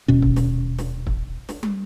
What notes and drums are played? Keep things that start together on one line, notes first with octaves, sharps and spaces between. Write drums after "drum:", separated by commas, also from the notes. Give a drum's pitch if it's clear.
D#1 B2 C#4
drum: kick
drum: snare
drum: snare
drum: kick
drum: snare
drum: tom